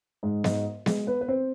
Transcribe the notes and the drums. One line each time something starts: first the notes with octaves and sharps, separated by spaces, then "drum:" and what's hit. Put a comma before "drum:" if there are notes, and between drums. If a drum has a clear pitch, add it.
G#2 G#3
G#2 G#3, drum: snare B3
G#3 G#4, drum: snare B3
B3 B4
B4
C4 C5